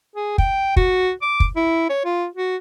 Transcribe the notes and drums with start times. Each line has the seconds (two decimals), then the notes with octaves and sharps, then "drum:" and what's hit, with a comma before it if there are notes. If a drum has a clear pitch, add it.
0.16 G#4
0.38 G5, drum: kick
0.76 F#4, drum: kick
1.22 D6
1.40 drum: kick
1.56 E4
1.90 C#5
2.05 F4
2.35 F#4